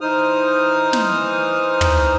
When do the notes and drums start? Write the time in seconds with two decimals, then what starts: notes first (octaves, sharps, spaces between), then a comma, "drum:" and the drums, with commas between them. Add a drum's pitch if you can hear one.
0.01 E3 D#4 C5 D#6 F6
0.93 drum: snare
1.81 drum: tom